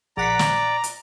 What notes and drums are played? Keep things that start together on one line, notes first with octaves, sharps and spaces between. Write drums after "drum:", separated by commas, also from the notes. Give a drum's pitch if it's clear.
A#1 D5 F#5 A#5 B6
drum: snare
drum: hi-hat